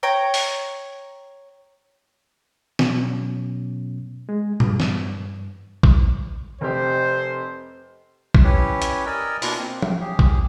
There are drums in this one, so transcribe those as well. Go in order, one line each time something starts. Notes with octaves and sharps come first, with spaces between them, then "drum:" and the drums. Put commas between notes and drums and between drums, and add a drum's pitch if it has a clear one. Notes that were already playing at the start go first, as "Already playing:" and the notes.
C#5 G5 A#5
drum: open hi-hat
B2 F#3 C#4, drum: snare
G#3
G2, drum: tom A#2
drum: snare
drum: kick A1
F1 G4 C5
drum: kick A1
C#4 E4 G4 B4 C#5
drum: hi-hat
A#4 D5 D#5 G#5 A#5 E6
B2 A#3 D4 E4 F4, drum: open hi-hat
A#3 C4
drum: tom F3
G4 G#4
drum: kick A1